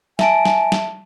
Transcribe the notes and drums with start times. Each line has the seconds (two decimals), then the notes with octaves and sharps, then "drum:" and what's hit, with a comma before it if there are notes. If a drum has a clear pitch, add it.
0.19 E5 G#5 A5 D7, drum: snare
0.45 drum: snare
0.72 drum: snare